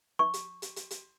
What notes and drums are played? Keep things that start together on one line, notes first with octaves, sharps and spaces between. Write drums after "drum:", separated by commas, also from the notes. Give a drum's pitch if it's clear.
C#6
drum: hi-hat
drum: hi-hat
drum: hi-hat
drum: hi-hat